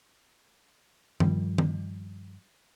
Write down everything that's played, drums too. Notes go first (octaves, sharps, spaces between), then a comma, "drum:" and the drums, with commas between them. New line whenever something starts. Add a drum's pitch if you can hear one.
G2 D#3 F3 G3, drum: tom D#3
drum: tom D#3